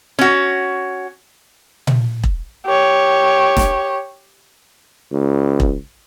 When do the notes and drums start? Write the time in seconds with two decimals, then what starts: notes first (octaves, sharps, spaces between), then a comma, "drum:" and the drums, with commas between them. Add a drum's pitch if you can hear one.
0.19 C#4 F#4
1.87 drum: tom A#2
2.24 drum: kick E1
2.66 G4 C#5
3.57 drum: snare E1
5.12 C#2
5.60 drum: kick E1